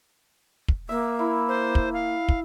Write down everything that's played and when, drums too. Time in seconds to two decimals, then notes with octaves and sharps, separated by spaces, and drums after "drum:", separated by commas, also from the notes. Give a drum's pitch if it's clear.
0.68 drum: kick
0.89 A#3 E5
1.19 E4
1.48 C5
1.75 drum: kick
1.94 F5
2.29 drum: kick